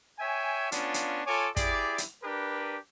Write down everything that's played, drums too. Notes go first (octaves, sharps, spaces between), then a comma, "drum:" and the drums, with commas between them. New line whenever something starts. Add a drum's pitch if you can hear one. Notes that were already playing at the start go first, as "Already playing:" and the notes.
C#5 E5 G5 G#5
B3 C#4 D4 F4, drum: hi-hat
drum: hi-hat
F4 A4 C#5 G#5 D6
E4 G4 G#4 D5, drum: kick, hi-hat
drum: hi-hat
D4 G4 A#4 B4